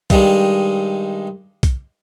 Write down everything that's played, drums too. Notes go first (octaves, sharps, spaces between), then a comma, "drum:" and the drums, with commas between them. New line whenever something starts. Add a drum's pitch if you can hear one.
G2 D#3 G3 G#3, drum: kick B1, hi-hat
drum: kick B1, hi-hat